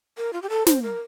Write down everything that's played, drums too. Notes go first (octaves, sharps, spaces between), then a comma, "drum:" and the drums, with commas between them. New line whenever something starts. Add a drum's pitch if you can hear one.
A#4
F4
G4
A4
C5, drum: snare
A#4